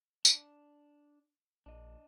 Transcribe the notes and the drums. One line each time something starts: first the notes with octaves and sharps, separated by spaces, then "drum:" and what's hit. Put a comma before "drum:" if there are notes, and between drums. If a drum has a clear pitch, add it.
D4, drum: tambourine
A#1 D4 D#5